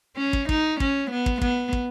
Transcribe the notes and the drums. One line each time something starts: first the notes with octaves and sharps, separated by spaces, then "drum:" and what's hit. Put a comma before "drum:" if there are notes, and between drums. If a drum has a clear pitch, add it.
C#4
drum: kick
D#4, drum: kick
C#4, drum: kick
B3
drum: kick
B3, drum: kick
drum: kick